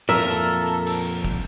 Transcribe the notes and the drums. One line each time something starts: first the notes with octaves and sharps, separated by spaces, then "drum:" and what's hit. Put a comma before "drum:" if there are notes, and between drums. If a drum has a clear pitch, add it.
F2 A#2 A4 A#4 E5
drum: cymbal
drum: kick